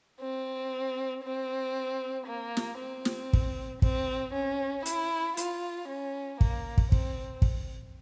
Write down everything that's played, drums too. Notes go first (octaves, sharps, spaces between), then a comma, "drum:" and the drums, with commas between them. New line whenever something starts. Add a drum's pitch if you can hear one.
C4
C4
A#3
drum: snare
C4
drum: snare
drum: kick
C4, drum: kick
C#4
E4, drum: hi-hat
F4, drum: hi-hat
C#4
A#3, drum: kick
drum: kick
C4, drum: kick
drum: kick